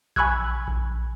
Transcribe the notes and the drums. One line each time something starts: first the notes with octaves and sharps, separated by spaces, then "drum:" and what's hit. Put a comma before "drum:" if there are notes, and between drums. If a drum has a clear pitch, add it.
G#5 B5 C#6 E6 F#6 G#6, drum: kick A#1
drum: kick A#1